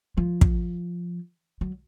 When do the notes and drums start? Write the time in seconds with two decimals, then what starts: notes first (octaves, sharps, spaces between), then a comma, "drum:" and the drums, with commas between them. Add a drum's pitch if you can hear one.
0.17 F3
0.41 drum: kick
1.61 F#3